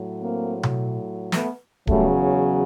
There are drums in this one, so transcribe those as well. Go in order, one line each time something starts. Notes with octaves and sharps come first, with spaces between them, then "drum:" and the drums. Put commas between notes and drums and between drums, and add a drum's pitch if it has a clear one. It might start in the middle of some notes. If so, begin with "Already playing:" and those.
Already playing: A2 F#3
A#3 C4
drum: tom B2
A3 B3, drum: snare
E2 C#3 F#3 G3 A3, drum: kick D1